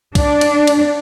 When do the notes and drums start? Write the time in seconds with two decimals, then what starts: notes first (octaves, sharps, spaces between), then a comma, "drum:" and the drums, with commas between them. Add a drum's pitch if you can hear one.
0.15 D4, drum: kick C2, cymbal
0.41 drum: cymbal
0.67 drum: cymbal